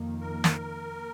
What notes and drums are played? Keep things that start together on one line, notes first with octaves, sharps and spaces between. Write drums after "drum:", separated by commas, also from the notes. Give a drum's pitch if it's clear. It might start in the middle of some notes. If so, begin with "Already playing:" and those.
Already playing: F2 D#3 A#3
A#4
drum: snare